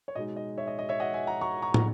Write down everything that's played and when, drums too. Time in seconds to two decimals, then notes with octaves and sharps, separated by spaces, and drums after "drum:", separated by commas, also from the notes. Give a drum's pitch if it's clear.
0.08 C#5
0.15 B2 G#3 D#4 D#5
0.36 D#5
0.58 C#5 E5
0.67 D#5
0.79 D#5
0.89 C#5 E5
1.00 D#5 F#5
1.14 E5 G#5
1.27 F#5 A#5
1.41 A#5 C#6
1.62 A#5 C#6
1.74 A#5, drum: tom